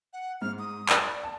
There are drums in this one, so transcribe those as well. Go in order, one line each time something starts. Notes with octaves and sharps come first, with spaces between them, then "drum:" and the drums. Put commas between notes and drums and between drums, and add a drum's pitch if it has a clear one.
F#5
G#2 C4 F6
D#6
D5, drum: clap
A5